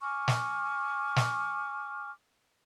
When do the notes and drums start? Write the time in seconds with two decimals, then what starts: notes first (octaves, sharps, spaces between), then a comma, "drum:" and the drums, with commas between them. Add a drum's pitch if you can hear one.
0.01 G#5 C#6 D6 F6
0.28 drum: snare
1.16 drum: snare